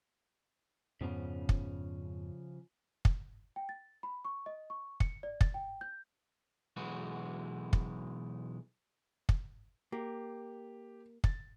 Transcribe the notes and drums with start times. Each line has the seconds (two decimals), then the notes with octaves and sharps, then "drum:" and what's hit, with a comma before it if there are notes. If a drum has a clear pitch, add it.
1.01 F2 G#2 C#3 F3 B3 C#4
1.49 drum: kick
3.05 drum: kick
3.56 G5
3.69 A6
4.03 B5
4.25 C#6
4.46 D#5
4.70 C#6
5.00 C#7, drum: kick
5.23 D5
5.41 A6, drum: kick
5.54 G5
5.81 G6
6.77 B1 E3 G#3 F#4
7.73 drum: kick
9.29 drum: kick
9.92 A#3 G4
11.24 A6, drum: kick